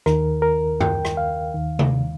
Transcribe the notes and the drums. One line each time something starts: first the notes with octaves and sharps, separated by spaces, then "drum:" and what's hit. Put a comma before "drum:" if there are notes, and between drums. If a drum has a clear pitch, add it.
D#2 D#3 A#4, drum: rim click
A#4
G5, drum: tom F#2
drum: rim click
F5
D#2 D#3
drum: tom C3